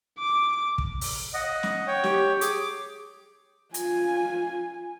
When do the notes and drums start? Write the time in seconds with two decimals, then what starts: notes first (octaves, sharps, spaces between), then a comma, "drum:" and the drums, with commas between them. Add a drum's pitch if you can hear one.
0.18 D6
0.78 drum: kick
1.01 drum: open hi-hat
1.34 D#5 F#5
1.63 drum: snare
1.87 C#5 G5
2.04 G4, drum: snare
2.41 G#4 D6, drum: hi-hat
3.74 F4 G#5, drum: hi-hat